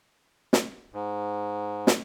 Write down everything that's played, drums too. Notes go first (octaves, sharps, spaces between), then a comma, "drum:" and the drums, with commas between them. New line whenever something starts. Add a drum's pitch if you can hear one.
drum: snare
G#2
drum: snare